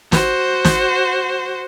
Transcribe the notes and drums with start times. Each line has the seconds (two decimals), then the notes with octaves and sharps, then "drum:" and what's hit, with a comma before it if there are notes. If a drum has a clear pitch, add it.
0.12 F#4 C5, drum: snare
0.65 drum: snare